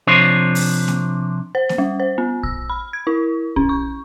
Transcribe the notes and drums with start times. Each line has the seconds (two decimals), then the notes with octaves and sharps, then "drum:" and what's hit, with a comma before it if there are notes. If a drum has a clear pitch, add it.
0.07 C3 F3 D4 C5 C#5
0.55 drum: open hi-hat
0.88 drum: snare A#3
1.55 C5
1.69 drum: snare A#3
1.78 G3
2.00 C5
2.18 B3
2.43 E6, drum: kick A#1
2.70 B5
2.93 G#6
3.07 E4
3.56 C#4, drum: kick A#1
3.69 C#6